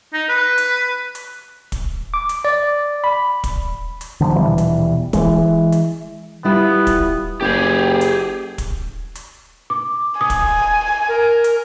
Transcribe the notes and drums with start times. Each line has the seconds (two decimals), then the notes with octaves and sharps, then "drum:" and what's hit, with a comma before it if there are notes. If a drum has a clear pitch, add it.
0.13 D#4
0.29 B4
0.58 drum: hi-hat
1.15 drum: hi-hat
1.72 drum: kick, hi-hat
2.14 D6
2.29 drum: hi-hat
2.45 D5
3.04 B5
3.44 drum: kick, hi-hat
4.01 drum: hi-hat
4.20 D3 F3 F#3
4.35 D#1 B2 E3 G3
4.58 drum: hi-hat
5.13 E3 G#3, drum: kick, hi-hat
5.72 drum: hi-hat
6.45 G3 B3 E4 F4
6.87 drum: kick, hi-hat
7.41 F#1 G4 G#4
8.01 drum: hi-hat
8.58 drum: kick, hi-hat
9.15 drum: hi-hat
9.70 D6
10.21 G#5 D#6
10.30 drum: kick, hi-hat
11.08 A#4
11.44 drum: hi-hat